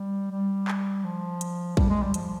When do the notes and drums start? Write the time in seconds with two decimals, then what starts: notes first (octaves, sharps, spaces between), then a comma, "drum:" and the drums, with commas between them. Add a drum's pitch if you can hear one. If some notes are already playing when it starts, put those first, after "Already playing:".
Already playing: G3
0.31 G3
0.68 drum: clap
1.04 F3
1.41 drum: hi-hat
1.77 G3, drum: kick
1.90 G#3
2.02 G3
2.14 F3, drum: hi-hat